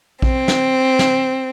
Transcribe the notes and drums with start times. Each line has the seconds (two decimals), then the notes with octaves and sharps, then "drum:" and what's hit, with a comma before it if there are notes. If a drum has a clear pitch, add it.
0.22 C4, drum: kick A#1
0.48 drum: snare
0.99 drum: snare